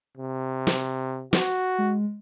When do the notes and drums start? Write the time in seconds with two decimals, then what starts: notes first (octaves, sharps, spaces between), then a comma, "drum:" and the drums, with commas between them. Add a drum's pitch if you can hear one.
0.17 C3
0.67 drum: snare
1.33 F#4, drum: snare
1.78 G#3